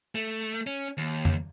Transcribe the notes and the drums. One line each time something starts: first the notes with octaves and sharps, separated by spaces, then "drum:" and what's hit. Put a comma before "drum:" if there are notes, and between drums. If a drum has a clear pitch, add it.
A3
C#4
D#2
drum: tom F2